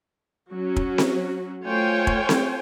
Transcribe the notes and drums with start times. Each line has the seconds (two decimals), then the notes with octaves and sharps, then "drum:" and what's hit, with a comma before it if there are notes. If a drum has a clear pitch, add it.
0.52 F#3 C#4 F#4
0.76 drum: kick
0.98 drum: snare C4
1.63 A3 F4 C5 C#5 G5 G#5
2.07 drum: kick
2.29 drum: snare C4